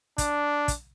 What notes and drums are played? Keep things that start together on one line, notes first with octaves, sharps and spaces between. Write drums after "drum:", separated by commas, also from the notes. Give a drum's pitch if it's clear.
D4, drum: kick, hi-hat
drum: kick, hi-hat